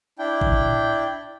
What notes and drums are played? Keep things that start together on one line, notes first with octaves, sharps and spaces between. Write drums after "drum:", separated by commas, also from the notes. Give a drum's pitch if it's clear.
D4 E4 G5
drum: kick G#1
drum: tom A2